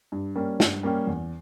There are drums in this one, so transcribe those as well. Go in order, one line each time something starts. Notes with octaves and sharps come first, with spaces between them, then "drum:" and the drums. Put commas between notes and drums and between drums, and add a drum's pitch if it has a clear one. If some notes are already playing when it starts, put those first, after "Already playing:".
G2
G3 A#3 C#4 G4
G2, drum: snare
G3 A#3 C#4 G4
E2